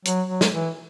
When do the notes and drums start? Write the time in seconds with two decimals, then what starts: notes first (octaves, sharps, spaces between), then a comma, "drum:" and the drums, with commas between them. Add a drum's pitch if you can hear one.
0.05 F#3, drum: hi-hat
0.29 F#3
0.41 drum: snare
0.53 E3